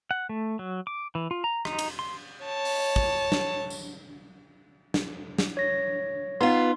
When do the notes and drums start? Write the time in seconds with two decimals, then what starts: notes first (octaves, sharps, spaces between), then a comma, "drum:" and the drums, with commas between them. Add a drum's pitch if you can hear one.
0.11 F#5
0.29 A3
0.59 F#3
0.87 D6
1.15 E3
1.31 F4
1.44 A#5
1.65 D#4, drum: rim click
1.79 drum: cymbal
1.99 C6
2.44 C#5 A5
2.65 drum: open hi-hat
2.96 drum: kick
3.32 drum: snare
3.70 drum: tambourine
4.94 drum: snare
5.38 drum: snare
5.57 C#5 A#6
6.41 B3 D#4 F4 C6